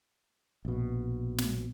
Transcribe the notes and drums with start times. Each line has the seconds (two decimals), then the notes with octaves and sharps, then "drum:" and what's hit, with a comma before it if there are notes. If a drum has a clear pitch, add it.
0.65 A#1 B2
1.38 drum: snare